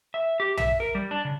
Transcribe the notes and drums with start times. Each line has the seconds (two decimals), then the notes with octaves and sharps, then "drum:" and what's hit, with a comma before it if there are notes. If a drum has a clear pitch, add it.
0.14 E5
0.40 G4
0.57 E5, drum: tom
0.80 A#4
0.95 G3
1.11 D4
1.25 C#3